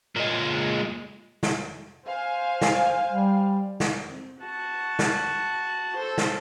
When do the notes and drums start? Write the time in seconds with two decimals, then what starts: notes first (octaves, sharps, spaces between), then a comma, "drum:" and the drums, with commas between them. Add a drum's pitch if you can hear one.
0.16 A#2 G#3
1.43 drum: snare
2.06 C5 F5 G#5
2.61 drum: snare
3.11 G3
3.80 drum: snare
4.09 C4
4.40 F#4 A5
4.99 drum: snare
5.96 A4 C5
6.18 drum: snare